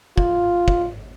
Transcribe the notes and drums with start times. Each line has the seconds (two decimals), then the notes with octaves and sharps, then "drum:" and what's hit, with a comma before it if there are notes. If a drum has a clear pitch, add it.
0.18 F4, drum: kick
0.68 drum: kick